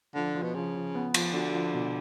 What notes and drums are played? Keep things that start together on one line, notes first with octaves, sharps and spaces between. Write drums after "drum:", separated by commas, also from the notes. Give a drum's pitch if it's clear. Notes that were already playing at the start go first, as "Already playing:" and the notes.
D3 F3
F3
B2
C#3 F3
F3
B3
F3, drum: cymbal
D3 F#4
F3
B2